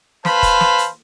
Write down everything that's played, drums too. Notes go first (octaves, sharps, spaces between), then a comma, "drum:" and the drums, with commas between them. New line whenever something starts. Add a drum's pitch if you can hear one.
B4 C5 F5 A5 B5, drum: snare
drum: kick, hi-hat
drum: snare
drum: hi-hat